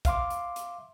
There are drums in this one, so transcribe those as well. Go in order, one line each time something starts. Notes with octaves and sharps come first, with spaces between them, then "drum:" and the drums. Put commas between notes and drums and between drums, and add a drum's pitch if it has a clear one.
E5 F5 C6 D6, drum: kick, hi-hat
drum: hi-hat
drum: hi-hat